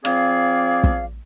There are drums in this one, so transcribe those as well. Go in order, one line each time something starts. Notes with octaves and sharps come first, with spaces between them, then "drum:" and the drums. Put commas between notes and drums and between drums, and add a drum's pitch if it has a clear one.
F3 C4 G#4 D5 F5, drum: rim click
drum: kick